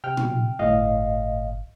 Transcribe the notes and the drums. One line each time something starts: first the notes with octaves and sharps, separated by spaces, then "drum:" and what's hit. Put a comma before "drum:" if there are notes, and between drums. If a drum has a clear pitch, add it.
C3 G5 F6
drum: tom A#2
G1 A2 D#5 F5